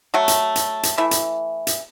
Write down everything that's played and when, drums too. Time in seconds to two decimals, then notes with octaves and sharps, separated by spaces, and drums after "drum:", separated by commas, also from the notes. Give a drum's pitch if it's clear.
0.14 F#3 A3 F#5
0.28 drum: hi-hat
0.56 drum: hi-hat
0.83 drum: hi-hat
0.98 E3 A3 E4 E5
1.11 drum: hi-hat
1.67 drum: hi-hat